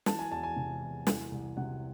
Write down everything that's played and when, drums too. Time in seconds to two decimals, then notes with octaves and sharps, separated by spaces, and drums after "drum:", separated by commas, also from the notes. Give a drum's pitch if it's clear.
0.06 E3 A5, drum: snare
0.19 G#5
0.31 E2 A5
0.43 G#5
0.56 C3
0.82 E2
1.07 E3, drum: snare
1.32 C2
1.57 C3 F#5